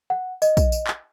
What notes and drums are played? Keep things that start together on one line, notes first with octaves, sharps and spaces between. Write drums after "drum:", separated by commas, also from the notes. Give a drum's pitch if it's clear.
F#5
D#5, drum: tambourine
drum: kick, tambourine
drum: tambourine
drum: clap